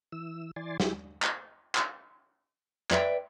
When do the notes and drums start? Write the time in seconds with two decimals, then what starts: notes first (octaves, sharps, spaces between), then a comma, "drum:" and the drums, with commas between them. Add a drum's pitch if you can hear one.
0.12 E3 E6
0.56 E3 D5 G#5 C6 A6
0.80 F#3 E4 G4 G#4, drum: snare
1.22 drum: clap
1.75 drum: clap
2.91 B4 D5 E5 G5, drum: clap